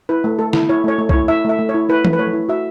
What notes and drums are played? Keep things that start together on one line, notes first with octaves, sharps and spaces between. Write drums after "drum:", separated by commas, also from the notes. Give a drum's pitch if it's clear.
E4 B4
A3
A3 A4
E4, drum: snare D3
E4 C#5
A3 C#5
A3
C#5, drum: kick C2
E4
E4 E5
A3 E5
A3
C#5
E4
E4 B4
A3, drum: tom E3
B4
A3 C#5
E4
F#4 E5